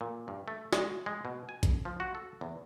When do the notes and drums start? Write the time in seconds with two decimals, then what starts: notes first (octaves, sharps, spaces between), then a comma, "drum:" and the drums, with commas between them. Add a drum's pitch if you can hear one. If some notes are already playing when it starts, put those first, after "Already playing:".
0.01 A#2
0.28 G2
0.48 A3
0.73 G#3, drum: snare
1.06 G#3
1.25 B2
1.49 G#5
1.63 drum: kick A#1, hi-hat
1.85 F3
2.00 F#4
2.15 A4
2.41 E2